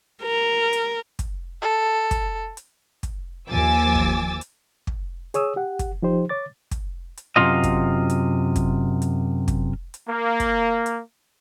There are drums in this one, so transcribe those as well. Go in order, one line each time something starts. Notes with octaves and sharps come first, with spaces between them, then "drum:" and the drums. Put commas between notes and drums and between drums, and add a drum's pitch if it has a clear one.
A#4
drum: hi-hat
drum: kick, hi-hat
A4
drum: kick, hi-hat
drum: hi-hat
drum: kick, hi-hat
D#2 F3 G#5 D6 E6 A6
drum: kick
drum: hi-hat
drum: kick
G#4 C#5 D#6 E6, drum: hi-hat
G4 F#5
drum: kick, hi-hat
F3 D#4 G4 C5
C#5 D6 A6
drum: kick, hi-hat
drum: hi-hat
F#2 C3 D#3 C4 F4 D#5
drum: kick, hi-hat
drum: hi-hat
drum: kick, hi-hat
drum: hi-hat
drum: kick, hi-hat
drum: hi-hat
A#3
drum: kick, hi-hat
drum: hi-hat